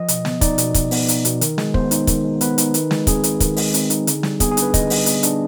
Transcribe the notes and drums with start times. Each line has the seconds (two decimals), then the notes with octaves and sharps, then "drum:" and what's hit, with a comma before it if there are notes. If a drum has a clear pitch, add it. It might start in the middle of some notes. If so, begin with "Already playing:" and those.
Already playing: F3 D#5
0.08 B2, drum: hi-hat
0.25 B3, drum: snare
0.41 D#4 D5, drum: kick, hi-hat
0.58 B2, drum: hi-hat
0.74 B2, drum: kick, hi-hat
0.91 B3, drum: open hi-hat
1.08 D#4, drum: hi-hat
1.25 B2, drum: hi-hat
1.41 D#3, drum: hi-hat
1.58 G#3, drum: snare
1.74 B3 C5, drum: kick
1.91 D#4, drum: hi-hat
2.07 D#3, drum: kick, hi-hat
2.25 G#3
2.41 B3 B4, drum: hi-hat
2.58 D#4, drum: hi-hat
2.74 D#3, drum: hi-hat
2.91 G#3, drum: snare
3.07 C4 G#4, drum: kick, hi-hat
3.24 D#4, drum: hi-hat
3.40 D#3, drum: kick, hi-hat
3.57 G#3, drum: open hi-hat
3.74 C4, drum: hi-hat
3.90 D#4, drum: hi-hat
4.07 D3, drum: hi-hat
4.23 G3, drum: snare
4.40 B3 G#4, drum: kick, hi-hat
4.51 G#4
4.57 D4, drum: hi-hat
4.62 B4
4.74 D3 D#5, drum: kick, hi-hat
4.90 G3, drum: open hi-hat
5.06 B3, drum: hi-hat
5.23 D4, drum: hi-hat